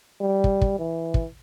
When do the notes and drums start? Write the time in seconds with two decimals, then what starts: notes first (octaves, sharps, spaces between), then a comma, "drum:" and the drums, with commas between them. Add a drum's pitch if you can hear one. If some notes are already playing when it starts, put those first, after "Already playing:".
0.21 G3
0.44 drum: kick
0.61 drum: kick
0.79 E3
1.14 drum: kick